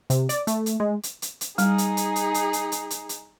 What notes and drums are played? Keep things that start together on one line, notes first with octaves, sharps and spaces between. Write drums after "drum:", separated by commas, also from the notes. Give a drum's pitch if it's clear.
C3, drum: hi-hat
D5, drum: hi-hat
A3, drum: hi-hat
drum: hi-hat
G#3
drum: hi-hat
drum: hi-hat
drum: hi-hat
G3 D#4 G#4, drum: hi-hat
drum: hi-hat
drum: hi-hat
drum: hi-hat
drum: hi-hat
drum: hi-hat
drum: hi-hat
drum: hi-hat
drum: hi-hat